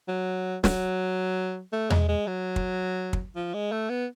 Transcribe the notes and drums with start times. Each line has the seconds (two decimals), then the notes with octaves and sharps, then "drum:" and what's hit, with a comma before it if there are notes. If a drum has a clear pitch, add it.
0.08 F#3
0.64 F#3, drum: snare
1.73 A3
1.90 G#3, drum: tom E2
2.08 G#3
2.27 F#3
2.56 drum: kick
3.13 drum: kick
3.35 F3
3.54 G#3
3.72 A3
3.90 B3